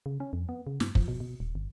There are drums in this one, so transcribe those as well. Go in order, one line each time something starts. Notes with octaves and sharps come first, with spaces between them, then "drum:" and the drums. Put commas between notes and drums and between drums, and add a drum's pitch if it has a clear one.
C#3
C#4
F2
B3
C#3
G2, drum: snare
F3, drum: kick
B2
B2
D#1
G1